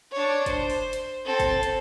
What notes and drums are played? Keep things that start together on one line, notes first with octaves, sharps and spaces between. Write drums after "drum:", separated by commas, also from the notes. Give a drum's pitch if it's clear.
D4 C#5
C5, drum: kick, hi-hat
drum: open hi-hat
drum: hi-hat
C4 A4
drum: kick, hi-hat
drum: hi-hat